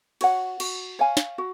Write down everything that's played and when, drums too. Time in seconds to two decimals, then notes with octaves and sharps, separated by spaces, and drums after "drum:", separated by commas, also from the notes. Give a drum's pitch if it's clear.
0.21 F#4 C#5 F#5, drum: cymbal
0.60 F#4, drum: cymbal
0.99 C#5 F5 G#5
1.17 drum: snare
1.38 F#4